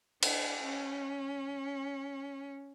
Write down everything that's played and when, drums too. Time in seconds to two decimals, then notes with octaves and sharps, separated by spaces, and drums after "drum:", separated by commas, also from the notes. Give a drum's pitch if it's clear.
0.23 D4, drum: cymbal
0.63 C#4